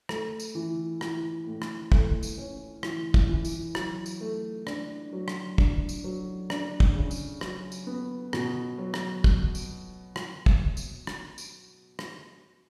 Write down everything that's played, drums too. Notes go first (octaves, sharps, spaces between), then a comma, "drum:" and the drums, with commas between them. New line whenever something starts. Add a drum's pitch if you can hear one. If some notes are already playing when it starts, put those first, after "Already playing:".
A3, drum: rim click
drum: tambourine
E3
E3, drum: rim click
A2
drum: rim click
A3, drum: kick
drum: tambourine
C#4
E3, drum: rim click
drum: kick
E3
drum: tambourine
F#3, drum: rim click
drum: tambourine
A3
D4, drum: rim click
F#3
drum: rim click
D4, drum: kick
drum: tambourine
F#3
D4, drum: rim click
drum: kick
C#3
drum: tambourine
F#3, drum: rim click
drum: tambourine
B3
B2, drum: rim click
F#3
drum: rim click
drum: kick
drum: tambourine
drum: rim click
drum: kick
drum: tambourine
drum: rim click
drum: tambourine
drum: rim click